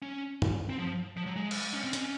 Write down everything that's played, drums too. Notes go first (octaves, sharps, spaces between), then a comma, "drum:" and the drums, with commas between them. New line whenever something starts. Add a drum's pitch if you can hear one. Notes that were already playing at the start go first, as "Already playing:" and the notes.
C#4
drum: tom G2
C4
F3
F3
F#3
G#3
drum: cymbal
C#4
C4
C#4, drum: hi-hat